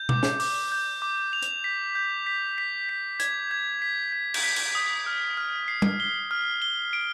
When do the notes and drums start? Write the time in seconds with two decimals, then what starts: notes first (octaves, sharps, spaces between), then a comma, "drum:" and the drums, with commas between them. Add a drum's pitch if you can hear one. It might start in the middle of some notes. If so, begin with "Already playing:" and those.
Already playing: G6
0.09 D6, drum: tom B2
0.23 drum: snare
0.40 D6, drum: open hi-hat
0.72 G6
1.02 D6
1.33 F7
1.42 drum: hi-hat
1.64 B6
1.95 G6
2.26 B6
2.58 B6
2.89 B6
3.20 G#6, drum: hi-hat
3.51 G#6
3.82 B6
4.12 G#6
4.34 drum: cymbal
4.44 B6
4.56 drum: cymbal
4.75 D#6
5.06 F6
5.37 F6
5.68 C7
5.82 drum: tom
6.00 G7
6.31 F6
6.62 G7
6.93 D7